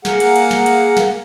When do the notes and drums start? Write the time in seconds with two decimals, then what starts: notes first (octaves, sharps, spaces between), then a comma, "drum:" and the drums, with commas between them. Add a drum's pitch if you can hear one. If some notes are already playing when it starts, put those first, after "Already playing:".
0.05 A#3 G#4 A#4 F#5, drum: snare
0.20 drum: cymbal
0.36 drum: cymbal
0.51 drum: snare
0.66 drum: cymbal
0.97 drum: snare